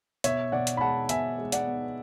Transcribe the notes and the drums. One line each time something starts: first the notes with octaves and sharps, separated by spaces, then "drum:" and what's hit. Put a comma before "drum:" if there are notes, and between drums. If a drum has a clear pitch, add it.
B2 C#5 E5, drum: hi-hat
B2 D5 F#5
drum: hi-hat
B5
G#3 F#5 A5
B2 E5 G#5, drum: hi-hat
G#3
D5 F#5, drum: hi-hat
B3